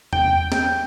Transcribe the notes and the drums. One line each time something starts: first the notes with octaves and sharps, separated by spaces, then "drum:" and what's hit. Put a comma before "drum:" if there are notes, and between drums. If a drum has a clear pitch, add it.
G5, drum: tom E2
drum: snare